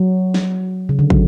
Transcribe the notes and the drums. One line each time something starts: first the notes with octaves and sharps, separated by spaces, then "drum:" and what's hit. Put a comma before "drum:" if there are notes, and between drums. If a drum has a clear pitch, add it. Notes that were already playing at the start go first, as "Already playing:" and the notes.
Already playing: F#3
drum: snare
C#3
D3
F#3, drum: kick